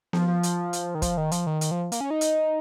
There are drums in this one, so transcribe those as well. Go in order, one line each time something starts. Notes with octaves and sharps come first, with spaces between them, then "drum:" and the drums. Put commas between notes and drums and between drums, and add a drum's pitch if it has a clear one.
F3, drum: snare B3
F3
drum: hi-hat
drum: hi-hat
D#3
F3, drum: kick, hi-hat
D#3
F3, drum: hi-hat
D#3
D#3, drum: hi-hat
F3
A#3, drum: hi-hat
C#4
D#4
drum: hi-hat